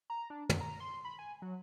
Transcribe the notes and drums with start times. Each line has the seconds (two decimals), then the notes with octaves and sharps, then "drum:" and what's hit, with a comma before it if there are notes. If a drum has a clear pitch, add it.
0.10 A#5
0.30 D4
0.49 F#2, drum: tom
0.61 A#5
0.80 C6
1.05 B5
1.19 G#5
1.42 F#3